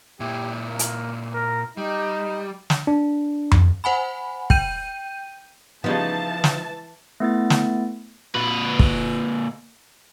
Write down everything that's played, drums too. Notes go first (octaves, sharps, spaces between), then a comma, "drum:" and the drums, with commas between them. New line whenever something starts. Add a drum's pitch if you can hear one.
A#2 E4 G4
A#3
drum: hi-hat
A#4
G3 D#4
drum: snare
D4
drum: tom F2
C5 F#5 G#5 B5
G5 G6 D#7, drum: kick
C#3 E3 F3 G3 B3 D#4 A5
drum: snare
A3 B3 E4 A6
drum: snare
A#2 B4
drum: kick